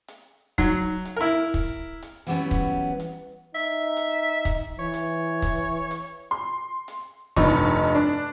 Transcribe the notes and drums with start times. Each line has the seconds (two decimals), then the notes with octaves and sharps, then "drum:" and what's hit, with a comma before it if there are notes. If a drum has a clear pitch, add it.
0.08 drum: hi-hat
0.58 F#3 D#4, drum: kick
1.05 drum: hi-hat
1.16 E4 A#4
1.54 drum: kick, hi-hat
2.03 drum: hi-hat
2.27 E3 F#3 G3 A3 B3 C#4
2.51 drum: kick, hi-hat
3.00 drum: hi-hat
3.55 D#4 E5
3.97 drum: hi-hat
4.45 drum: kick, hi-hat
4.79 E3 C#5
4.94 drum: hi-hat
5.42 drum: kick, hi-hat
5.91 drum: hi-hat
6.31 C6
6.88 drum: hi-hat
7.36 F1 G2 D#4 C#6, drum: kick, hi-hat
7.85 drum: hi-hat
7.95 D4